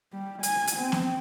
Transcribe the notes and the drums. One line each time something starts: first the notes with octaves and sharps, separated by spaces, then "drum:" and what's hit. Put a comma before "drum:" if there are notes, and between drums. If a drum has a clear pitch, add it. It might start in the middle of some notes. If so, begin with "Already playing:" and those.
G3
G#5, drum: hi-hat
drum: hi-hat
C4
drum: snare B3